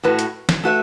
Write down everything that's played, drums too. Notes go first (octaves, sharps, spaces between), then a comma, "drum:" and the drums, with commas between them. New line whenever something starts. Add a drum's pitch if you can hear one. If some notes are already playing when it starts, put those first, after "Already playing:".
A2 A3 F#4 B4
drum: hi-hat
drum: snare
A3 F#4 B4 E5